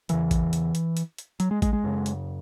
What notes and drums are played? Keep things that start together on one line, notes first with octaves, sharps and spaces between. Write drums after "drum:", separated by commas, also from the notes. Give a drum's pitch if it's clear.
E2 C#3 E3, drum: hi-hat
drum: kick, hi-hat
drum: hi-hat
drum: hi-hat
drum: hi-hat
drum: hi-hat
F#3, drum: hi-hat
G#3
G#3, drum: kick, hi-hat
G#3
F#2 C#3
drum: hi-hat